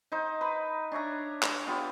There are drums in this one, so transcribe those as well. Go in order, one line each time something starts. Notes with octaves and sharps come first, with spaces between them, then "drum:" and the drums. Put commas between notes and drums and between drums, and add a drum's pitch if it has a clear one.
D#4 C5
B4
D4 C#5 E5 A#5
drum: clap
B3 F4 G4